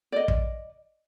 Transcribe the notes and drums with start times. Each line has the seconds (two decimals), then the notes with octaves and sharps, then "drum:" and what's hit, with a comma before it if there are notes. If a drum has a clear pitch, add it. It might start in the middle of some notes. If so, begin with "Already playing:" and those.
0.12 D5 D#5
0.28 drum: kick